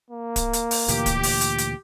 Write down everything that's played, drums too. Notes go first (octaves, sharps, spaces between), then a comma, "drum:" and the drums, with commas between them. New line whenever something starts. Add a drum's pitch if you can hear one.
A#3
drum: kick D1, hi-hat
drum: hi-hat
drum: open hi-hat
D2 A#2 E3 G4, drum: hi-hat
drum: kick D1, hi-hat
drum: open hi-hat
drum: hi-hat
drum: hi-hat